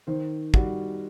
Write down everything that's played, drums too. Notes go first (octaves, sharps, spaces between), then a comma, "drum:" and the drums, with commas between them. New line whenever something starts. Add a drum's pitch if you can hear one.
D#3 C5
G3 F#4, drum: kick